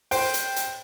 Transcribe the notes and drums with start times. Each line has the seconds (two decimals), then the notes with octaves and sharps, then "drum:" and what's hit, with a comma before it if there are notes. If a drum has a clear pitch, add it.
0.11 C5 G5, drum: open hi-hat
0.34 drum: hi-hat
0.56 drum: hi-hat